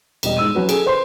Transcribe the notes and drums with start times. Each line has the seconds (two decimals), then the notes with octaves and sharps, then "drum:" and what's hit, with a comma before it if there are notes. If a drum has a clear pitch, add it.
0.23 E1 G3 D#5, drum: cymbal
0.37 G#2 E6 D#7
0.55 F#3 C#4 F#4 B4
0.69 G#4 A4 D7, drum: cymbal
0.86 B4 C5 C6